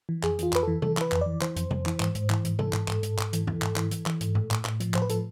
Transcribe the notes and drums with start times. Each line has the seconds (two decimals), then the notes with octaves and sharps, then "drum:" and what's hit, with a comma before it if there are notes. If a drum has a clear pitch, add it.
0.09 E3
0.23 F2 G#4, drum: clap
0.39 E3 F4, drum: hi-hat
0.53 F2 B4, drum: clap
0.63 E3 A4
0.82 E3 A4, drum: tom C3
0.97 E3 B4, drum: clap
1.12 F2, drum: clap
1.21 E3 D5
1.42 E3 C5, drum: clap
1.56 F2, drum: hi-hat
1.71 F2, drum: tom C3
1.86 E3, drum: clap
2.00 G#2, drum: clap
2.15 G#2, drum: hi-hat
2.30 E3, drum: clap
2.45 G#2, drum: hi-hat
2.59 E3 A4, drum: tom C3
2.73 G#2, drum: clap
2.88 G#2, drum: clap
3.03 G#2, drum: hi-hat
3.18 G#2, drum: clap
3.33 E3, drum: hi-hat
3.47 E3, drum: tom
3.62 G#2, drum: clap
3.76 E3, drum: clap
3.91 E3, drum: hi-hat
4.06 E3, drum: clap
4.21 G#2, drum: hi-hat
4.35 A2, drum: tom G2
4.51 A2, drum: clap
4.65 A2, drum: clap
4.80 F3, drum: hi-hat
4.94 A2 C5, drum: clap
5.02 B4
5.09 F3 A4, drum: hi-hat